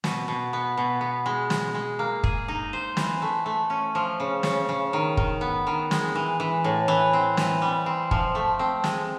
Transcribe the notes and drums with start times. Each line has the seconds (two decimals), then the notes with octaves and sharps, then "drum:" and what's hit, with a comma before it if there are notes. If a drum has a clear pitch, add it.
0.04 B2, drum: snare
0.28 B2
0.53 B3
0.77 B2
1.01 B3
1.26 G#3
1.50 G#3, drum: snare
1.75 G#3
1.99 A#3
2.24 G#4, drum: kick
2.48 D#4
2.73 C5
2.97 E3, drum: snare
3.22 A3
3.46 A3
3.70 C#4
3.95 F3
4.20 C#3
4.43 C#3, drum: snare
4.69 C#3
4.93 D#3
5.17 D#3, drum: kick
5.41 B3
5.67 D#3
5.91 G#3, drum: snare
6.15 E3
6.40 E3
6.64 A2
6.88 E3
7.13 C4
7.37 E3, drum: snare
7.62 G3
7.86 C4
8.11 F3, drum: kick
8.35 A3
8.59 C4
8.84 G#3, drum: snare